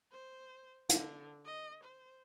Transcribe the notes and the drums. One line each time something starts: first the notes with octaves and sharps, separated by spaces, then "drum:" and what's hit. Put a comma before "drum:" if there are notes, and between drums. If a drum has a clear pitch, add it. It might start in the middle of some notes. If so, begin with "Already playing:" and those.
C5
D3, drum: hi-hat
D#5
C5